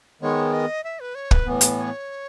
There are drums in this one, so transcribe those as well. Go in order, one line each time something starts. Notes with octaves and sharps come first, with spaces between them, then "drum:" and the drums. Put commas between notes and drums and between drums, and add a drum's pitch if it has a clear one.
D#3 G#3 B3 C#5
D#5
E5
B4
C#5
B4, drum: kick
A2 E3 B3
drum: hi-hat
C#5